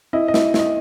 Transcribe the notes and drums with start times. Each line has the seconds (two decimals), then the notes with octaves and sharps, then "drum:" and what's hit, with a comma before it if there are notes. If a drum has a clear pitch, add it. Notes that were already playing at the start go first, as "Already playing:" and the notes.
0.13 E4 D#5
0.28 D#5
0.34 E4, drum: snare
0.54 E4 D#5, drum: snare